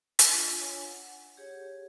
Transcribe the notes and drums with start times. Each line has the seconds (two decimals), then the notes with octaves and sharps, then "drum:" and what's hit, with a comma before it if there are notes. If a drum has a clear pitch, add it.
0.19 drum: hi-hat
0.31 D4 F4 D#5
0.57 D4 C#5 G#5
0.85 F#5
1.37 G4 G#4 C#5